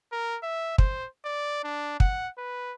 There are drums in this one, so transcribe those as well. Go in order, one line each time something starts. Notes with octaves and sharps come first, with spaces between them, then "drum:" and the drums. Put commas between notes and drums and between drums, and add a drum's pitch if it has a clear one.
A#4
E5
C5, drum: kick
D5
D4
F#5, drum: kick
B4